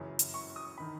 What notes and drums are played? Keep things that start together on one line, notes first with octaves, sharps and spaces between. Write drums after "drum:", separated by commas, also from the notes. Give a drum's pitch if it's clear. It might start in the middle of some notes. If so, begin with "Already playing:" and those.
Already playing: F#2 C#3 E3
drum: hi-hat
C#6
D#6
D#3 B5